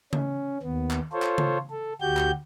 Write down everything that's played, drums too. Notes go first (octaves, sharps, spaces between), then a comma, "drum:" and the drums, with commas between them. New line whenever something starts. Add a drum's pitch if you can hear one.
C#4, drum: tom C#3
D#2 B3
drum: clap
F4 A4 C5 C#5
drum: clap
drum: tom C#3
A4
D2 F#4 G4 G6
drum: clap